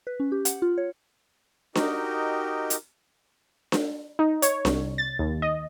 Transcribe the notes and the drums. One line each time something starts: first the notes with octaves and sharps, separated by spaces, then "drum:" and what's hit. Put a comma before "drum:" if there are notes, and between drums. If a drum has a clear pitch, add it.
B4
C#4
G4
F#5, drum: hi-hat
F4
C#5
D#4 F#4 G4 A#4 D#5 G5, drum: snare D4
drum: hi-hat
drum: snare D4
D#4
C#5, drum: hi-hat
C2, drum: snare D4
A6
D#2
D#5